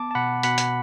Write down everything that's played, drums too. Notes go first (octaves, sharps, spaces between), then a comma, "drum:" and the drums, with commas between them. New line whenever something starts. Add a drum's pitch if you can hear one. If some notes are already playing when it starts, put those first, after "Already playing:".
Already playing: B3 A5 D6
A5
B2 F#5 B5
B2 F#5 B5, drum: hi-hat
drum: hi-hat